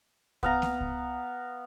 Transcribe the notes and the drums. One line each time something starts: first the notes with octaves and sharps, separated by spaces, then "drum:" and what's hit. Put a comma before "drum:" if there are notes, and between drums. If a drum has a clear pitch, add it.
B3 F5 A#5, drum: kick C2
drum: snare A#3
drum: kick C2